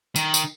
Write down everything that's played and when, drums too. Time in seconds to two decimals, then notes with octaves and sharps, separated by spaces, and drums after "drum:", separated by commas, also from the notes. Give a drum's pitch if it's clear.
0.16 D#3, drum: tambourine
0.34 drum: tambourine